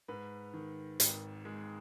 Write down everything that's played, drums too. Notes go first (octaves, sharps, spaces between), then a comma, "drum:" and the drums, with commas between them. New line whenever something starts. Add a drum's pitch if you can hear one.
G#2 B4
D#3
G#1, drum: hi-hat
G#3